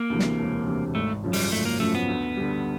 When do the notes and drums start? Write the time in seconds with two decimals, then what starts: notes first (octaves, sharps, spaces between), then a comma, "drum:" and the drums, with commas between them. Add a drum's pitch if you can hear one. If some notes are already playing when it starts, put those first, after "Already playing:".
Already playing: A#3
0.10 D2 C3 E3
0.19 drum: snare
0.39 E1
0.67 D2 C3 E3
0.95 G#1 A3
1.24 F#2 C#3 F3
1.33 G3, drum: open hi-hat
1.52 G#1 A3
1.65 A#3
1.80 F#2 C#3 F3 A3
1.95 B3
2.08 D2
2.37 D3 G3